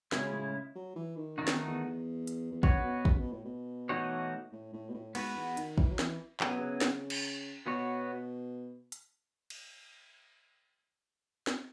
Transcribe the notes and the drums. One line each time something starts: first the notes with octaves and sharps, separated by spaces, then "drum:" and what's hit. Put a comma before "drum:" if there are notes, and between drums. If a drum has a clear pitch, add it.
C#3 F#3 G#3 C#4 E4, drum: snare
A2
F#3
E3
D#3
F#2 D#3 A3 D#4 F#4
E2, drum: snare
E2
drum: hi-hat
E2
F#2 B3 F#4 C#5, drum: kick
C#3
B2
C#3, drum: kick
B2
A2
B2
E3 A3 D#4 F#4 C#5
A2
A2
B2
A2
G#2 B3 F#4 B4, drum: cymbal
E2
D#3, drum: hi-hat
E3, drum: kick
F#3
E3, drum: snare
C#3 F#3 B3 E4, drum: clap
B2
C#3
drum: snare
drum: cymbal
B2 B3 F#4 C#5
drum: hi-hat
drum: cymbal
drum: snare